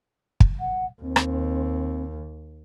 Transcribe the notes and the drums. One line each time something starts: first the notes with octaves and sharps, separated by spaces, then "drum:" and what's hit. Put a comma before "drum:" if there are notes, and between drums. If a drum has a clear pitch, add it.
drum: kick
F#5
D#2 C4
drum: rim click